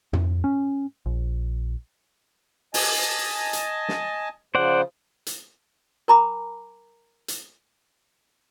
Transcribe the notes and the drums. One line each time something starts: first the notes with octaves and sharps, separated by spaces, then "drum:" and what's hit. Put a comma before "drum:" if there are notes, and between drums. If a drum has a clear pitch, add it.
F2, drum: tom
C#4
A#1
D#5 G#5 A5, drum: open hi-hat
drum: hi-hat
drum: snare
C#3 F3 C5 D5 F#5
drum: hi-hat
A#4 G#5 A#5 B5 D6
drum: hi-hat